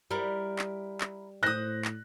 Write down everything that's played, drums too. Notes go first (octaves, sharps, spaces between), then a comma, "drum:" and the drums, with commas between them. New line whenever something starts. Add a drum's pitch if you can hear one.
G3 E4 A#4
drum: clap
drum: clap
A2 C5 D#6 F#6 A#6
drum: clap